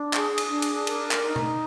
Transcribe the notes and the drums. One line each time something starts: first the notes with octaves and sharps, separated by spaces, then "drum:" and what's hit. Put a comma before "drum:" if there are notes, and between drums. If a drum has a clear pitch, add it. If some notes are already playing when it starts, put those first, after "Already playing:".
Already playing: D4
G#4, drum: clap
drum: cymbal
D4
drum: cymbal
A#4, drum: cymbal
drum: clap
D#4
drum: tom B2